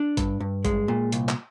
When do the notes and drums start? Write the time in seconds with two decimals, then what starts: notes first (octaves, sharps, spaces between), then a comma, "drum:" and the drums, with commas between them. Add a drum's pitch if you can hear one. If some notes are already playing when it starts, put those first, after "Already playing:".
Already playing: D4
0.17 G2, drum: kick, hi-hat
0.40 G2
0.65 G#3, drum: kick, hi-hat
0.88 A#2
1.12 C2, drum: hi-hat
1.29 drum: clap